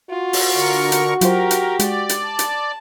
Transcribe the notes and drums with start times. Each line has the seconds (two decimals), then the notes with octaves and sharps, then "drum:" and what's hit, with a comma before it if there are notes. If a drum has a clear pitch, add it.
0.10 F4 F#4
0.33 drum: open hi-hat
0.54 D3 A#4 C#6
0.92 drum: hi-hat
1.21 F#3 F4 G4 A#4 C5, drum: hi-hat
1.51 drum: hi-hat
1.79 G#3 D5, drum: hi-hat
2.09 drum: hi-hat
2.22 A5
2.39 drum: hi-hat